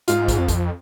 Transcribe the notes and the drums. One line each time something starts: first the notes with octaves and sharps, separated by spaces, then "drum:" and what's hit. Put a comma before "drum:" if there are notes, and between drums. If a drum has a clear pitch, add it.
G#2 F4, drum: hi-hat
drum: kick, hi-hat
F2
drum: kick, hi-hat